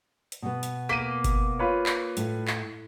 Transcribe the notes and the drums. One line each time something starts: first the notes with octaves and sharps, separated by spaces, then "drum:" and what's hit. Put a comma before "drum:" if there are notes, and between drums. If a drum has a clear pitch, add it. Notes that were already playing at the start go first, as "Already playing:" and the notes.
drum: hi-hat
B2 B3
drum: hi-hat
A#3 B6 D#7
drum: kick G1, hi-hat
F4 B4 C#5
drum: clap
A2, drum: hi-hat
drum: clap